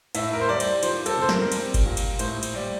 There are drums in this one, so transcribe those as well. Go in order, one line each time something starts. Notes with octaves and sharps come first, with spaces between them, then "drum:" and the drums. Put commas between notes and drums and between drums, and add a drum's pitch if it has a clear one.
A2 E5, drum: cymbal
A#4
C5
G3 D5
drum: cymbal
F3 C5, drum: cymbal
A4, drum: cymbal
C3 C5
A#4, drum: snare
G3, drum: cymbal
drum: kick G1, cymbal
A#2
drum: cymbal
A2 C5, drum: cymbal
drum: cymbal
G3 D5